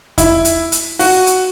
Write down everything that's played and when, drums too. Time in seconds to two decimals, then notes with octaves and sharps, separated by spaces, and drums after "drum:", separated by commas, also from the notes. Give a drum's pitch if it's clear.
0.18 E4, drum: kick E2, hi-hat
0.45 drum: hi-hat
0.72 drum: hi-hat
0.99 F#4, drum: open hi-hat
1.27 drum: hi-hat